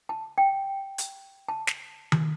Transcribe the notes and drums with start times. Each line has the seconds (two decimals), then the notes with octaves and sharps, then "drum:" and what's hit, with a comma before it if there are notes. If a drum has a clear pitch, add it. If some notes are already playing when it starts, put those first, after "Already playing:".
0.09 A5
0.38 G5
0.98 drum: hi-hat
1.49 A5
1.67 drum: snare
2.12 drum: tom D#3